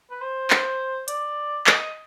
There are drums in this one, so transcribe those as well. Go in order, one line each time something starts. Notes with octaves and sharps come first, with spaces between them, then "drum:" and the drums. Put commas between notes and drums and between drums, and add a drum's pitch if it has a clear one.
B4
C5
drum: clap
D5, drum: hi-hat
D#5, drum: clap